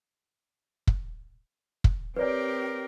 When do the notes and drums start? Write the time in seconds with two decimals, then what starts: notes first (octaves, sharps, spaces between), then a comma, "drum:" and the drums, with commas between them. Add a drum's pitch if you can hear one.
0.87 drum: kick
1.84 drum: kick
2.16 C4 G4 A#4 B4 C#5 D5